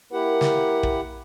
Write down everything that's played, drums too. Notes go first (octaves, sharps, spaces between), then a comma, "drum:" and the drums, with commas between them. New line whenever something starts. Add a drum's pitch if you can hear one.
A#3 E4 G4 A#4 F#5
drum: snare
drum: kick